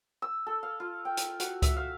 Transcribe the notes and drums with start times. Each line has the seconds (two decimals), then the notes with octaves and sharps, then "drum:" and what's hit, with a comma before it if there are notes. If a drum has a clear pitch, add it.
0.22 E6
0.46 A4
0.63 F5
0.80 F4
1.05 G5
1.17 drum: hi-hat
1.40 F#4, drum: hi-hat
1.62 E5, drum: kick C#2, hi-hat
1.76 F5